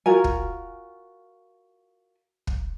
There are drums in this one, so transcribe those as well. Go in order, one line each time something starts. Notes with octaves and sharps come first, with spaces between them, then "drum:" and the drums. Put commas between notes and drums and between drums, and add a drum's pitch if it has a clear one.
F4 F#4 A#4 G#5
drum: kick
drum: kick